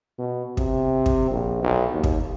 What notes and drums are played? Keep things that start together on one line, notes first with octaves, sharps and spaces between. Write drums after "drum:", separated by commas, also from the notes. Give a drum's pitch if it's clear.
B2
C3, drum: kick
drum: kick
A#1
B1
D#2
drum: kick